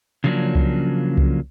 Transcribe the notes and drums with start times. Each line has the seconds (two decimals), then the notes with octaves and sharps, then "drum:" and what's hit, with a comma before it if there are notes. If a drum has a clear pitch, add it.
0.24 C#3 F3 F#3 A#3 C#4 D4
0.55 drum: kick C2
1.18 drum: kick C2